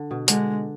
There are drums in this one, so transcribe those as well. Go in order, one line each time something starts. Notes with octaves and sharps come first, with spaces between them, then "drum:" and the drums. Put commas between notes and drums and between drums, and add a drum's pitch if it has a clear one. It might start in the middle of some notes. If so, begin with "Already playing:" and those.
Already playing: D3
B2
D3 G#3, drum: hi-hat